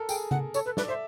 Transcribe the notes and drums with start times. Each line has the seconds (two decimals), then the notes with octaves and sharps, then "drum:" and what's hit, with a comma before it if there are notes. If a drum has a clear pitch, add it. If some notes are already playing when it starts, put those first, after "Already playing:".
Already playing: A4 A#4
0.09 G#4 G5, drum: tambourine
0.31 F#5, drum: tom C#3
0.54 A4 C#5, drum: tambourine
0.66 A4 B4
0.77 B4 D5, drum: snare
0.88 C5 E5